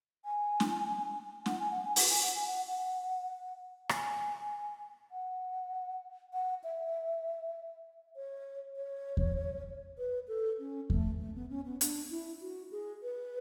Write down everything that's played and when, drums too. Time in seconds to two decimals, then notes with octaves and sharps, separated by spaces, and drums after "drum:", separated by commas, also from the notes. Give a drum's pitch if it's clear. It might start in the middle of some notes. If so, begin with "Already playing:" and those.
0.25 G#5
0.60 drum: snare
1.46 F#5, drum: snare
1.59 G#5
1.71 F#5
1.85 G#5
1.96 F#5, drum: open hi-hat
2.09 G#5
2.22 F#5
2.35 G#5
2.47 F#5
2.68 F#5
3.89 G#5, drum: rim click
5.11 F#5
6.33 F#5
6.64 E5
8.16 C#5
8.76 C#5
9.17 drum: kick E2
9.98 B4
10.28 A4
10.59 C#4
10.90 A3, drum: kick E2
11.20 A3
11.35 B3
11.50 C#4
11.65 B3
11.81 D4, drum: hi-hat
12.10 E4
12.41 F#4
12.72 G#4
13.03 B4